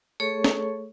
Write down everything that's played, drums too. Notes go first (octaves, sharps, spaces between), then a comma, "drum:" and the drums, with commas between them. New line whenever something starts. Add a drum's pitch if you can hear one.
A3 G#4 A4 C#5 C#6
drum: snare